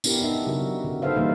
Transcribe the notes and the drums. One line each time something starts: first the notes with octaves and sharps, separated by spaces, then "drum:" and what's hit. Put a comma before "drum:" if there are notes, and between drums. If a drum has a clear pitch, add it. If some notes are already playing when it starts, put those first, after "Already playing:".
B3 D4 E4 G4 A#4, drum: tambourine
D#4 E5
C#3 F#3 F#4 A#4
D3
D#4 A4 B4 C5 E5 F5
E3 G3 A#3 D#4